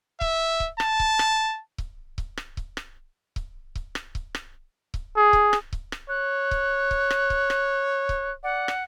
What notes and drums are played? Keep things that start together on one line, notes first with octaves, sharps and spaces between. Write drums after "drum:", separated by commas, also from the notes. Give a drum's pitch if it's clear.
E5, drum: kick C#1
drum: kick C#1
A5, drum: rim click
drum: kick C#1
drum: rim click
drum: kick C#1
drum: kick C#1
drum: rim click
drum: kick C#1
drum: rim click
drum: kick C#1
drum: kick C#1
drum: rim click
drum: kick C#1
drum: rim click
drum: kick C#1
G#4
drum: kick C#1
drum: rim click
drum: kick C#1
drum: rim click
C#5 F#6
drum: kick C#1
drum: kick C#1
drum: rim click
drum: kick C#1
drum: rim click
drum: kick C#1
D5 F#5
drum: rim click